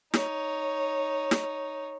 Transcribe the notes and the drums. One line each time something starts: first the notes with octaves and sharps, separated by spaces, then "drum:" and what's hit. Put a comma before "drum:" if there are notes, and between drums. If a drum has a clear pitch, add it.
D#4 C#5, drum: snare
drum: snare